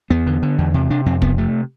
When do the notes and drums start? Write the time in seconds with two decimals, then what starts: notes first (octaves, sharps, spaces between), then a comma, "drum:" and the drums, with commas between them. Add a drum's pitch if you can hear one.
0.10 E2 B3
0.27 D3
0.42 D3
0.58 E2
0.74 C3
0.90 C3 D4
1.06 F2 C4
1.22 C3 B3, drum: kick
1.38 C3 A3